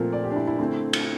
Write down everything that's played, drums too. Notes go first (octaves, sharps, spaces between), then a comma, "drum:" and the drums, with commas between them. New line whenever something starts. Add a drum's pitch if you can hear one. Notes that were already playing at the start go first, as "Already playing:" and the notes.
Already playing: A#2 F3 A3 C4 A#4
D5
G4
D4
E4
E4
D3 A3 C4 E4
drum: cymbal